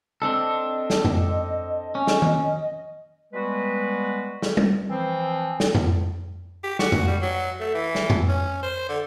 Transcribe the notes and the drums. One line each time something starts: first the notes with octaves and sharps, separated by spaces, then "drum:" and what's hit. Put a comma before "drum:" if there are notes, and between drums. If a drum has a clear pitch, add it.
C4 D4 A4 D#5
drum: snare
drum: tom F2
C#4
drum: snare
drum: tom D#3
G3 G#3 B3 F#4 B4
drum: snare
drum: tom G3
E3 F3 C4
drum: snare
drum: tom F2
G4
F#4, drum: snare
drum: tom F2
G3
F#3
A3
E3
drum: snare
drum: tom F2
C#4
C5
D3